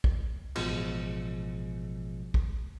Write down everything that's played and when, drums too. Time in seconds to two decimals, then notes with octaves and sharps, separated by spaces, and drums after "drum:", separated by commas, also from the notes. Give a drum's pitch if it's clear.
0.04 drum: kick
0.55 A1 B2 F3 G#3, drum: cymbal
2.34 drum: kick